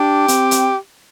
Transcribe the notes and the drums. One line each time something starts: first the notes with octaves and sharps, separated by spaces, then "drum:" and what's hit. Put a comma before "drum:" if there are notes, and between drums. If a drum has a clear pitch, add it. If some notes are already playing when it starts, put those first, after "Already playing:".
Already playing: D4 G4
C4, drum: hi-hat
drum: hi-hat